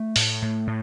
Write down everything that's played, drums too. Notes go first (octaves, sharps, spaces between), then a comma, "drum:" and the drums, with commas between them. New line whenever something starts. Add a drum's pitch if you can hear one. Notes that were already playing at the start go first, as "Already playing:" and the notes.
Already playing: A3
A2, drum: open hi-hat
A2
A2